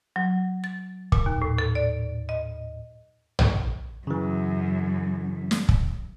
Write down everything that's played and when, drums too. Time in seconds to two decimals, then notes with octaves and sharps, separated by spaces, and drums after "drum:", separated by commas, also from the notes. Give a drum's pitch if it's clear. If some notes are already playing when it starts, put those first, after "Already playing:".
0.16 F#3
0.64 A6
1.12 A#2, drum: kick
1.26 D#2
1.42 A2
1.58 A4
1.75 D5
2.29 D#5
3.39 drum: tom A#1
4.07 F#2 C#3 E3
5.51 drum: snare
5.69 drum: kick